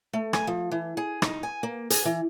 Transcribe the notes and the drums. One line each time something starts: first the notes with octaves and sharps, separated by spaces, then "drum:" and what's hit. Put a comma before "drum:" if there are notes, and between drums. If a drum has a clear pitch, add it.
A3
G#5, drum: rim click
F3
E3
G#4
D#4, drum: rim click
G#5
A#3
G#4, drum: hi-hat
E3